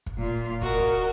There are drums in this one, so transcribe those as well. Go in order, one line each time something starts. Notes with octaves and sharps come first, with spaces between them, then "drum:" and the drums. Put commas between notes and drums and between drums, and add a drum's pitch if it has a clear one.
drum: kick
A#2 F4
F#4 A#4 D#5, drum: kick
drum: kick